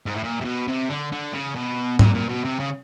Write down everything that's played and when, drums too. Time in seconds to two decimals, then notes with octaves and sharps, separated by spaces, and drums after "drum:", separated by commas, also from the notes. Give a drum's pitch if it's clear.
0.06 G#2
0.14 A2
0.23 A#2
0.41 C3
0.45 B2
0.68 C3
0.89 D3
1.12 D3
1.33 C#3
1.55 B2
1.99 A#2, drum: tom
2.14 A#2
2.29 B2
2.44 C3
2.59 C#3